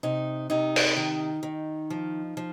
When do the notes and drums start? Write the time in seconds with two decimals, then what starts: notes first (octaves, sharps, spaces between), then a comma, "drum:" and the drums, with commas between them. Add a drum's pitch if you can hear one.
0.03 C3 D#4
0.50 C3 D#4
0.76 drum: open hi-hat
0.97 D#3
1.43 D#3
1.90 F3
2.37 F3